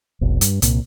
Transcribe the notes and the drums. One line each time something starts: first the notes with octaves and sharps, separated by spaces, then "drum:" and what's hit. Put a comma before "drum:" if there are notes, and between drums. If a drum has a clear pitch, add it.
F1 B1
G2, drum: hi-hat
C2 A#2, drum: hi-hat